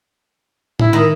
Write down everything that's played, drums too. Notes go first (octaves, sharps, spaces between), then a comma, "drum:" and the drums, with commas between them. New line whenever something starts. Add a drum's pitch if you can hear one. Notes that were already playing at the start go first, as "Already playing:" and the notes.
E4, drum: tom A2
D#3